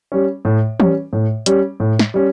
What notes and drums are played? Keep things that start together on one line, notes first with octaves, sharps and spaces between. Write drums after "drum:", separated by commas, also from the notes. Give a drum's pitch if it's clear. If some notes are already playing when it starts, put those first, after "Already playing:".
G3 C#4
A2
G3 C#4, drum: tom E3
A2
G3 C#4, drum: hi-hat
A2
drum: snare
G3 C#4